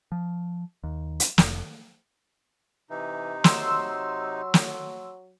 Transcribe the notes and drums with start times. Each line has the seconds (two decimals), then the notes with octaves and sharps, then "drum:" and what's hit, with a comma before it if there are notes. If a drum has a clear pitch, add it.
0.12 F3
0.84 D#2
1.20 drum: hi-hat
1.38 F1, drum: snare
2.90 C3 E3 D#4
3.44 F#3 C6 E6, drum: snare
4.54 drum: snare